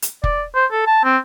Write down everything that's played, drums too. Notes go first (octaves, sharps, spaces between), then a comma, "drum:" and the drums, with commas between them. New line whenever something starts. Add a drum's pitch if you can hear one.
drum: hi-hat
D5, drum: kick
C5
A4
A5
C4